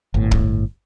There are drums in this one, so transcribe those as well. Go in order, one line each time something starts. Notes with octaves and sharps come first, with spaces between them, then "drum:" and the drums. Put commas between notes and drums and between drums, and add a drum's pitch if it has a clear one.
G1 A2
drum: kick